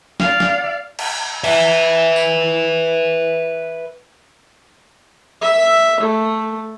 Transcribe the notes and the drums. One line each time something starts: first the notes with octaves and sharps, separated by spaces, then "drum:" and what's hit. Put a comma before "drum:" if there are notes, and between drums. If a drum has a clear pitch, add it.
D5 F5, drum: snare
drum: snare
drum: cymbal
B4 E5, drum: cymbal
drum: tambourine
E5
A3